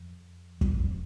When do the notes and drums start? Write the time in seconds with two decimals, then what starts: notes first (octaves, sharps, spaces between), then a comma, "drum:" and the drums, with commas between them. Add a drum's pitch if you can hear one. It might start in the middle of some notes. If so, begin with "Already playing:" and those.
Already playing: F2
0.61 E2, drum: kick
0.79 F2